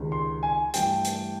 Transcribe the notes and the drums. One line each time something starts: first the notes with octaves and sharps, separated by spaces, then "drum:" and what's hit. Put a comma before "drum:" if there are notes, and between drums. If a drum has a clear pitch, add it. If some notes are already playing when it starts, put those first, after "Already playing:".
Already playing: C#2 C3 D#3
C6
G#5
G2 E3 A3 G5, drum: hi-hat
drum: hi-hat